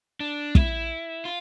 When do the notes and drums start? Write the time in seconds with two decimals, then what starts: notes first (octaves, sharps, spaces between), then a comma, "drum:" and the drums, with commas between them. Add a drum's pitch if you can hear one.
0.20 D4
0.55 E4, drum: kick
1.25 F4